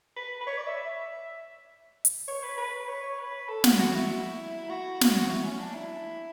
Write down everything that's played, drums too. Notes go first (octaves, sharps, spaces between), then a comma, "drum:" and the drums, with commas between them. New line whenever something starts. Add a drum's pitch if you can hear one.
B4
B4
C#5
D5
E5
E5
drum: hi-hat
C#5
B4
B4
C#5
C#5
B4
A4
F#4, drum: snare
F#4
E4
F#4
drum: snare
F#4
E4
C#4
D4
E4